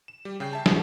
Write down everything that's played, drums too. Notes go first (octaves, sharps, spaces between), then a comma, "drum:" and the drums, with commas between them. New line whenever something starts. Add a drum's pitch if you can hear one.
E7
G3 G4
C#3 G5 G6 C7
E5 A5
A2 F3 G#3 F#5 A5, drum: snare